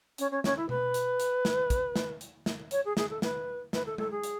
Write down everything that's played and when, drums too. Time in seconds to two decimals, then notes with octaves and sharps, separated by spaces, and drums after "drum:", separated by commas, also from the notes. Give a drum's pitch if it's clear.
0.18 C#4, drum: hi-hat
0.31 C#4
0.44 C#4, drum: snare
0.56 E4
0.69 B4, drum: tom B2
0.94 drum: hi-hat
1.20 drum: hi-hat
1.45 drum: snare
1.70 drum: kick, hi-hat
1.96 drum: snare
2.21 drum: hi-hat
2.46 drum: snare
2.71 C#5, drum: hi-hat
2.85 G#4
2.97 G#4, drum: snare
3.10 A4
3.22 B4, drum: snare
3.73 B4, drum: snare
3.86 A4
3.98 A4, drum: tom G#3
4.11 G#4
4.24 drum: hi-hat